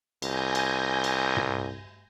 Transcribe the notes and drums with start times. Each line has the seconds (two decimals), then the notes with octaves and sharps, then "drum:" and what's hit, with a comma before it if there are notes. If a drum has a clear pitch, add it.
0.22 C2 G#5 G6 A#6, drum: cymbal
0.55 drum: cymbal
1.04 drum: cymbal
1.37 drum: tom